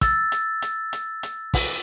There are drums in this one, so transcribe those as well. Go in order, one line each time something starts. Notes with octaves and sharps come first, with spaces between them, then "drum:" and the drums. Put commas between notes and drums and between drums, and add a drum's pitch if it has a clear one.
E6 A6, drum: kick, hi-hat
drum: hi-hat
drum: hi-hat
drum: hi-hat
drum: hi-hat
drum: kick, open hi-hat